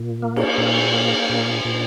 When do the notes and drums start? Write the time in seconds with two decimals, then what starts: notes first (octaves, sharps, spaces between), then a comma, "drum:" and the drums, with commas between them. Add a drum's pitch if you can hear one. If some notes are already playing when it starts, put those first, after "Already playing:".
Already playing: A#2
0.22 A#3
0.36 drum: cymbal
0.58 A#2
0.94 A#3
1.29 A#2
1.65 A#2